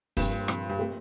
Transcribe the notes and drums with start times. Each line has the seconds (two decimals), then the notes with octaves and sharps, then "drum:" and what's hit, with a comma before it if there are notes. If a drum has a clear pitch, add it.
0.17 G2 A#2 F3 C4 G4, drum: kick, open hi-hat
0.48 A#2 F3 C4 G4, drum: rim click
0.69 G2
0.78 A#2 A3 C4 G4